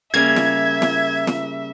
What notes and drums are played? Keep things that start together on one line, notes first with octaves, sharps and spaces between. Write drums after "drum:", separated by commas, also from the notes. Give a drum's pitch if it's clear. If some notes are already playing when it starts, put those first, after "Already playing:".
C#3 G3 A#3 E5 G#6
drum: snare
drum: snare
drum: snare